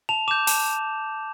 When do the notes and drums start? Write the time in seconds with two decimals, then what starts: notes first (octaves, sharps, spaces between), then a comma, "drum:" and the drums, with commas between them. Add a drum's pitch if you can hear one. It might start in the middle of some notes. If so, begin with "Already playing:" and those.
0.09 A5 F7
0.28 D6 G6 E7
0.47 A5, drum: open hi-hat